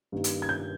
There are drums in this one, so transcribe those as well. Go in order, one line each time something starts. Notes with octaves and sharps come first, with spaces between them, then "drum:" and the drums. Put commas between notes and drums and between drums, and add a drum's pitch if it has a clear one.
G2 D#3 G3 A#3
drum: hi-hat
G#6
G6